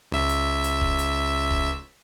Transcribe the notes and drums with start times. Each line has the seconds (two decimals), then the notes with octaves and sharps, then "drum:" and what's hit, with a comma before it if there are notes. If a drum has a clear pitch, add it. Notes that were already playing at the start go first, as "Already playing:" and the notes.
0.12 C#2 E5
0.29 drum: hi-hat
0.64 drum: hi-hat
0.81 drum: kick D#1
0.98 drum: hi-hat
1.50 drum: kick D#1